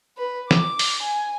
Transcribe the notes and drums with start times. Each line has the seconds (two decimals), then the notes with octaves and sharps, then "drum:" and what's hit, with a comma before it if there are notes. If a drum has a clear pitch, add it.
0.18 B4
0.51 D6, drum: snare
0.79 drum: open hi-hat
1.02 G#5